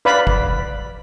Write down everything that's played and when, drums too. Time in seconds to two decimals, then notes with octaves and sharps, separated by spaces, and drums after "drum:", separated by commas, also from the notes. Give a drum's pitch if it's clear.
0.05 B4 D5 F5 B5
0.27 drum: kick